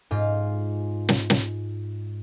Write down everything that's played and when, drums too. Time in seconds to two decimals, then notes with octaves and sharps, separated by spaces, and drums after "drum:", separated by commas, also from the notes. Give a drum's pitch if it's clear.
0.11 G#2 F4
1.09 drum: snare
1.30 drum: snare